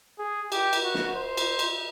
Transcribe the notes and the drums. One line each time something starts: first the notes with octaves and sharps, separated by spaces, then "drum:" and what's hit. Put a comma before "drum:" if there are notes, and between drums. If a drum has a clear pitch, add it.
G#4
G4, drum: cymbal
drum: cymbal
F#4
drum: snare
C5
drum: cymbal
drum: cymbal